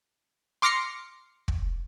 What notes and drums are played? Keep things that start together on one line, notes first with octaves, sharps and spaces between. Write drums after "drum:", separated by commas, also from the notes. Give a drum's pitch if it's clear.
C6 D6 F6 A#6 C7 C#7
drum: kick